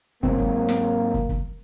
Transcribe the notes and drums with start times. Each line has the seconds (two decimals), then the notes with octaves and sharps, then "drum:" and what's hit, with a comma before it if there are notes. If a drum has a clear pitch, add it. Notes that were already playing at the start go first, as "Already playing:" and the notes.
0.23 G#2 F#3 A#3 C4, drum: kick
0.38 drum: kick
0.69 drum: snare
1.14 drum: kick
1.29 drum: kick